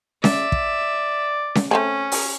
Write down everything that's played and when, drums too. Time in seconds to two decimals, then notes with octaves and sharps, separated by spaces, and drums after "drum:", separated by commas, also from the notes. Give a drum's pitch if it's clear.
0.24 D5 E5, drum: snare C#4
0.52 drum: kick
1.55 drum: snare C#4
1.71 A3 C4 C#4 G#4
2.12 drum: open hi-hat